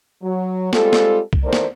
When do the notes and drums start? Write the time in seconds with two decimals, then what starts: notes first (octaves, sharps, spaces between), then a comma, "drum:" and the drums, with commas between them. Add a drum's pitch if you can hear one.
0.22 F#3
0.73 G3 G#3 C4 F4 A4, drum: snare
0.93 drum: snare
1.33 drum: kick
1.43 E2 D#3 A3 A#4 C5 D5
1.53 drum: snare